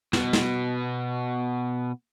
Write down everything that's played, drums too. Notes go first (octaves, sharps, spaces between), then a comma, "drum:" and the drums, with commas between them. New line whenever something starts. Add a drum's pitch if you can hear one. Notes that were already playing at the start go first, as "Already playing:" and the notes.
B2 B3, drum: snare
drum: snare